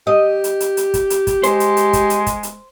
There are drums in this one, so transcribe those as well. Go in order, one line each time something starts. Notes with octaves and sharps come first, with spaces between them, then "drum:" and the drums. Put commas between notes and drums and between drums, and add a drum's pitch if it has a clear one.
G4 D#5
drum: hi-hat
drum: hi-hat
drum: hi-hat
drum: kick, hi-hat
drum: hi-hat
drum: kick, hi-hat
G#3 C5, drum: hi-hat
drum: hi-hat
drum: hi-hat
drum: kick, hi-hat
drum: hi-hat
drum: kick, hi-hat
drum: hi-hat